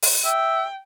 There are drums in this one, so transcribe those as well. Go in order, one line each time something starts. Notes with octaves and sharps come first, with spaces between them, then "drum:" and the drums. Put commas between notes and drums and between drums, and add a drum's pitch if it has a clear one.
drum: open hi-hat
E5 G5